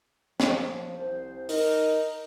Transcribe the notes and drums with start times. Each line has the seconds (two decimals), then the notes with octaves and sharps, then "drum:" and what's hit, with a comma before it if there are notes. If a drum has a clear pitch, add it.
0.40 F3, drum: snare
0.97 C2 C5
1.49 D#4 A#4, drum: open hi-hat